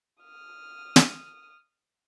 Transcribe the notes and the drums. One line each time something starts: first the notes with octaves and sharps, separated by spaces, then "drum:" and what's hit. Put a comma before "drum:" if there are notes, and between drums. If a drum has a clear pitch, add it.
D#6 F6
drum: snare